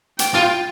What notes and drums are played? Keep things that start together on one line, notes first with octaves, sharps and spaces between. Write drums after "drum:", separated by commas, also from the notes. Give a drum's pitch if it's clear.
G5, drum: hi-hat
F4